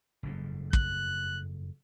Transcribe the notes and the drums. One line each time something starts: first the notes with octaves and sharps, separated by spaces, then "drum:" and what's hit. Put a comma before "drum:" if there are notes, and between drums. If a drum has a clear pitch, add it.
F#1 F2 G#2
F#6, drum: kick